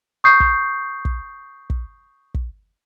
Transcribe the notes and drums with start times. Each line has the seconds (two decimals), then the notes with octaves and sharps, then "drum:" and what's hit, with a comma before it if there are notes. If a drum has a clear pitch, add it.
0.24 C#6 D#6 G6 C7
0.40 drum: kick
1.05 drum: kick
1.70 drum: kick
2.34 drum: kick